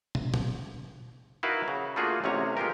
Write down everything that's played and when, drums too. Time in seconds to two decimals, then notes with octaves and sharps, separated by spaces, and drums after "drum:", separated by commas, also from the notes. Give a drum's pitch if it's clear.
0.15 drum: tom
0.34 drum: tom A#2
1.43 D#4 E4 F#4 A#4 B4 F5
1.68 C#3
1.96 A3 A#3 D4 F4 F#4 G#4
2.24 A1 C3 C#4 C#5 A#5
2.57 G#3 F4 G4 A#4